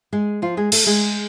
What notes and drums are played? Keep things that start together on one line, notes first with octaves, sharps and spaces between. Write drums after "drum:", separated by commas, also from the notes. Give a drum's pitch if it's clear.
G#3 G#4
F3 F4
G#3 G#4
A3 A4, drum: cymbal
G#3 G#4